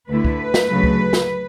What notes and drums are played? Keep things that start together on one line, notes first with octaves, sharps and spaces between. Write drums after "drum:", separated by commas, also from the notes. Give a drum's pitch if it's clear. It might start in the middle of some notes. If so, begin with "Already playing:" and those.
D2 D3 A3 E4 B4
drum: kick
drum: snare
D2 C#3 F#3 A3
drum: kick
drum: snare